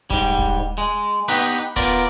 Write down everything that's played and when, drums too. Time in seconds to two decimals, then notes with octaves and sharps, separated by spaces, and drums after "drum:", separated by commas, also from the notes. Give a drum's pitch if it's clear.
0.10 G#2 G3, drum: kick D#1
0.38 drum: kick D#1
0.78 G#3
1.28 B3 D#4 G4 B4
1.76 B3 F4 A#4 D5, drum: kick D#1